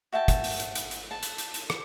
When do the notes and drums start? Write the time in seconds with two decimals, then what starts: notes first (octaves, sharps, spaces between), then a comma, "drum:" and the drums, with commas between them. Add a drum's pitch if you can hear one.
0.12 F#4 E5 G5 A5
0.28 drum: kick, hi-hat
0.44 drum: open hi-hat
0.60 drum: hi-hat
0.75 drum: hi-hat
0.91 drum: hi-hat
1.11 A5
1.23 drum: hi-hat
1.38 drum: hi-hat
1.54 drum: hi-hat
1.70 drum: rim click